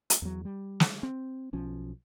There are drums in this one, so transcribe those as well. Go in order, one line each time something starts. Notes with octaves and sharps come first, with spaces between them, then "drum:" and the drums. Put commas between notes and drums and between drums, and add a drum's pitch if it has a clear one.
drum: hi-hat
E2 F#3
G3
drum: snare
C4
B1 F3 C#4